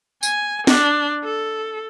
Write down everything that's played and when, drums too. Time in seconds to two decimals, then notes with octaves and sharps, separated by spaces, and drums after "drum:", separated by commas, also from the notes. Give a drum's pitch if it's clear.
0.23 G#5, drum: tambourine
0.67 D4, drum: snare
1.24 A4